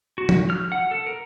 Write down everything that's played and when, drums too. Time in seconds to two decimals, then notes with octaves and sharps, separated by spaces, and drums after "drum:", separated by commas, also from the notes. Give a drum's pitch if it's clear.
0.18 F#4
0.29 drum: tom
0.50 F6
0.72 F#5
0.91 A4
1.06 A#4